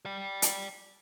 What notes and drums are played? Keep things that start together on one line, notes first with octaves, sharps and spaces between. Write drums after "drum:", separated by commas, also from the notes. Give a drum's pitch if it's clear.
D5 G5
drum: hi-hat